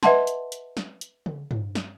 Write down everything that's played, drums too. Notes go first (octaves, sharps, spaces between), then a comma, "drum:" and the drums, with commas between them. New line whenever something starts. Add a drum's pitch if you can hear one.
B4 D#5 E5 F#5 A5 C6, drum: snare
drum: hi-hat
drum: hi-hat
drum: snare
drum: hi-hat
drum: tom C#3
drum: tom
drum: snare